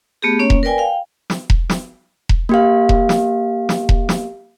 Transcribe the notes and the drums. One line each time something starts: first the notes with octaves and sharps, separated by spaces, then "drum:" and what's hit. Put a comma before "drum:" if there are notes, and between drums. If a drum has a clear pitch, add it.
A3 B3 G4 G#4
A#3 C#4 C#5
drum: kick E1
A#4 B4 D5 G5 G#5
F5 G5
drum: snare
drum: kick E1
drum: snare
drum: kick E1
A#3 G4 F5
drum: kick E1
drum: snare
drum: snare
drum: kick E1
drum: snare